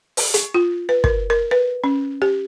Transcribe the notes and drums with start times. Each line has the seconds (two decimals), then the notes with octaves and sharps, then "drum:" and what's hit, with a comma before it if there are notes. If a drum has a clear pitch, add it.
0.17 drum: open hi-hat
0.34 drum: hi-hat
0.54 F4
0.89 B4
1.04 A#4, drum: kick
1.30 A#4
1.51 B4
1.84 C#4
2.22 G4